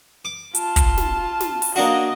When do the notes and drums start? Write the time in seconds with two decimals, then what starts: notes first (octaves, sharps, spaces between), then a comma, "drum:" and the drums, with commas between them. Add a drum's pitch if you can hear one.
0.25 D6
0.55 F4 A5, drum: hi-hat
0.76 drum: kick, hi-hat
0.98 drum: snare
1.40 drum: snare
1.62 drum: open hi-hat
1.76 A#3 D4 F#4 D#5